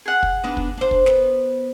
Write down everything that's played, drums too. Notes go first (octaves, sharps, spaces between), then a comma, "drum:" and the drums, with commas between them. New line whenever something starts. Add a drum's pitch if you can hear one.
G#4 F#5
drum: kick
B3 D4 D#4
drum: kick
D4 C5
drum: kick
B3, drum: snare